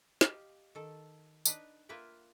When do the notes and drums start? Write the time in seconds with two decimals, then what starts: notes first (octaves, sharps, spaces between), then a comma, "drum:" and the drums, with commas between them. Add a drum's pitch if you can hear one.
0.21 G4 D#5 F5, drum: snare
0.75 D#3 A4
1.45 D4 D#4 B4, drum: tambourine
1.89 A#3 F4 B4 E5 G5